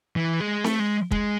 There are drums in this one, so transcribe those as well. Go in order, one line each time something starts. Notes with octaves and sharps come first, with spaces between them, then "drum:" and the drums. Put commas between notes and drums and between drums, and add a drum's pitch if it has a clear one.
E3
G#3
A3, drum: snare C4
G#3
G#3, drum: kick